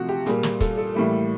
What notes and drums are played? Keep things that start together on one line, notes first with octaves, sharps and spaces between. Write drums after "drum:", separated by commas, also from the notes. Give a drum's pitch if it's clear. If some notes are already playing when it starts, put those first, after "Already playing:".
Already playing: C3 F3 A3 F#4
G4
A#2 G3 A#3 G#4, drum: hi-hat
drum: snare
A4, drum: kick, hi-hat
A4
A2 E3 G3 A#3